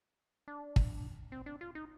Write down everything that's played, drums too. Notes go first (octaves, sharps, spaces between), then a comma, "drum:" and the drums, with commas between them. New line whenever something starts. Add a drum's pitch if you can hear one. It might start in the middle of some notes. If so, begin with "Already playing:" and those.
D4
drum: kick
C4
D4
F4
D#4